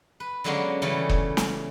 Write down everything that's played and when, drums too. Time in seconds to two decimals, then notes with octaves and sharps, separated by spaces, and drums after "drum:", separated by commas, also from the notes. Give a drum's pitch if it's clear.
0.20 B4
0.44 D3 F#3 G#3 A#3 B3 C#4
0.82 C#3 E3 G3 A3
1.09 drum: kick
1.37 drum: snare